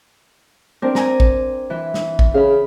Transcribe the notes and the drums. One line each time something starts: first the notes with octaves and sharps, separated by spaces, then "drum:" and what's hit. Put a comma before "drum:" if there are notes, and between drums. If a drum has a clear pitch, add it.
C4 D4 A#4
G#5 A#5, drum: snare
drum: kick
E3
drum: snare
drum: kick
C#3 F5 B5